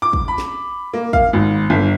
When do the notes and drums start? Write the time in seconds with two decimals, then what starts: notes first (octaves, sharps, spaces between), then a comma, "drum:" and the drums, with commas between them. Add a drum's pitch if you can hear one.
0.02 D6
0.13 drum: kick
0.28 B5
0.38 drum: snare
0.93 A#3
1.13 F5, drum: kick
1.33 G#1
1.70 G1